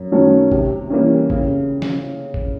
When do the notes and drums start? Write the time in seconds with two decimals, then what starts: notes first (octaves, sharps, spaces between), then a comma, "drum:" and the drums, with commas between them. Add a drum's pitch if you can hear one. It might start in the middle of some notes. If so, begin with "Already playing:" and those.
Already playing: F#2
0.12 D#3 F#3 A3 C#4
0.52 C3, drum: kick G1
0.90 E3 G3 A#3 C#4
1.30 C#3, drum: kick G1
1.82 drum: snare
2.34 drum: kick G1